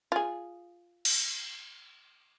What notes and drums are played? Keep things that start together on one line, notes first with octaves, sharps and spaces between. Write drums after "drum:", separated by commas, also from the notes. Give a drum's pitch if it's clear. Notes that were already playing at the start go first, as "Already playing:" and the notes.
F4 G#4
drum: cymbal